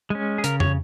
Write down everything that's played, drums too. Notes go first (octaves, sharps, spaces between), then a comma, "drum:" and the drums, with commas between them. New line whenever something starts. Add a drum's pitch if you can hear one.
G#3 C#4
G#4
C#3 A#4, drum: hi-hat
C#5, drum: tom F2